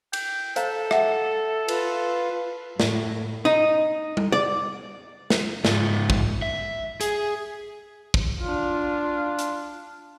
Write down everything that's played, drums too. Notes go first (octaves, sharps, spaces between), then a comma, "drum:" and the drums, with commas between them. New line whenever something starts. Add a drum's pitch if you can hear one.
G5, drum: cymbal
A4 C5 F5 A#5, drum: hi-hat
E5 F#5, drum: rim click
F4 B4, drum: cymbal
A2, drum: snare
D#4
drum: tom G3
D5
drum: snare
G#2 F4, drum: snare
drum: kick
E5
G#4, drum: hi-hat
drum: kick
D4 F4
drum: hi-hat